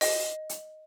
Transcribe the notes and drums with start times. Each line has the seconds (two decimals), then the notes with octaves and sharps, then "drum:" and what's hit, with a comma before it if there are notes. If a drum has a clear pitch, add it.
0.01 D#5, drum: open hi-hat
0.49 drum: hi-hat